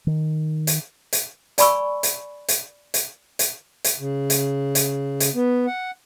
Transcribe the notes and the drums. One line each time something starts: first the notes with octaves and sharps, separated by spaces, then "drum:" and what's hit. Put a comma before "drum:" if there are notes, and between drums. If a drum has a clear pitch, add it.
D#3
drum: hi-hat
drum: hi-hat
D5 G#5 B5 C#6 E6, drum: hi-hat
drum: hi-hat
drum: hi-hat
drum: hi-hat
drum: hi-hat
drum: hi-hat
C#3
drum: hi-hat
drum: hi-hat
drum: hi-hat
B3
F#5